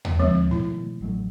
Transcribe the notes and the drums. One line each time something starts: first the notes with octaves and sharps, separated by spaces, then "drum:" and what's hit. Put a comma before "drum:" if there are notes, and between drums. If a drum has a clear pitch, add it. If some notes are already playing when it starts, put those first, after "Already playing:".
drum: tom D#2
D2 F3 G#3 C4
B2 D#3 A3 E4
A1 F#3 A3